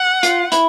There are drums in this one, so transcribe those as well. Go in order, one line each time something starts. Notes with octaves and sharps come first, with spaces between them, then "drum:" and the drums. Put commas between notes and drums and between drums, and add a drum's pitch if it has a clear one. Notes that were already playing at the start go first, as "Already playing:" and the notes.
Already playing: F#5
F4, drum: hi-hat
E4, drum: hi-hat